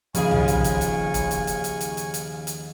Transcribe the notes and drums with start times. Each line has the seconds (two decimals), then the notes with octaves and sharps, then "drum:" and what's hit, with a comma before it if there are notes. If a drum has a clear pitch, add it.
0.15 D#2 C#3 F3 G#4 F5 G#5 C#6, drum: hi-hat
0.31 drum: tom C2
0.48 drum: hi-hat
0.64 drum: kick, hi-hat
0.81 drum: hi-hat
1.14 drum: kick, hi-hat
1.31 drum: hi-hat
1.47 drum: hi-hat
1.64 drum: hi-hat
1.81 drum: hi-hat
1.97 drum: hi-hat
2.14 drum: hi-hat
2.47 drum: hi-hat